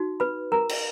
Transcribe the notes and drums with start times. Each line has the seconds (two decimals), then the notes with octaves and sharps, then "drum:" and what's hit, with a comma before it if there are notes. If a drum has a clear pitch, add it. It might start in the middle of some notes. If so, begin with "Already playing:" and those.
Already playing: D#4 F#4
0.20 B4 B5
0.52 A#4 A#5
0.69 drum: cymbal